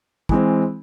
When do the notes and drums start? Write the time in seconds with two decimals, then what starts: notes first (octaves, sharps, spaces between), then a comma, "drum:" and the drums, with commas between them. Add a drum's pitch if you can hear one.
0.29 E3 G#3 C4, drum: kick